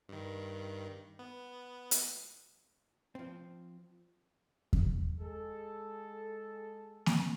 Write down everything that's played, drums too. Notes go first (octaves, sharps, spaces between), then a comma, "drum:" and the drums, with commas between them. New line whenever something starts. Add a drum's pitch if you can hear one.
G2 D#3
B3
drum: hi-hat
F3 C4
drum: kick E2
G#3 G#4 A4
drum: snare A#3